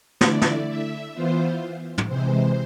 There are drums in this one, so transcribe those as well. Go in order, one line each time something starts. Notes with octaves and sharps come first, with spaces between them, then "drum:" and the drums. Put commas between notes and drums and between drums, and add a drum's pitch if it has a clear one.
D3 A3 E4 D5, drum: snare
drum: snare
E5
E3 B3 F4 C5
drum: tom
C3 E3 G#3 C5